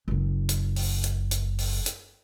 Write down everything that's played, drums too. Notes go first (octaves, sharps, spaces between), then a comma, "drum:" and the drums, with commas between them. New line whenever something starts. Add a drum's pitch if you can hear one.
F#1 F#2
drum: hi-hat
drum: open hi-hat
drum: hi-hat
drum: hi-hat
drum: open hi-hat
drum: hi-hat